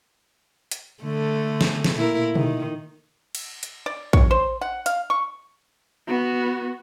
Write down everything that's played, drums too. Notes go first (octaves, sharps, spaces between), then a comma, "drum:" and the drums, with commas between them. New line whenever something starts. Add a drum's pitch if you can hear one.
drum: hi-hat
D3 A3
drum: snare
drum: snare
A#2 E4 A#4
D#3, drum: tom B2
drum: cymbal
drum: hi-hat
D5
C#5, drum: kick
C5
F#5
F5, drum: hi-hat
C#6
B3 F#4